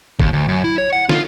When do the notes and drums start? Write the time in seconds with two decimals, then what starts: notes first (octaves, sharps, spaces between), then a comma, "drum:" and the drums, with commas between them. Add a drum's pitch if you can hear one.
0.20 D#2, drum: kick
0.33 D2
0.48 F#2
0.64 E4
0.78 C#5
0.93 F#5
1.09 F4, drum: snare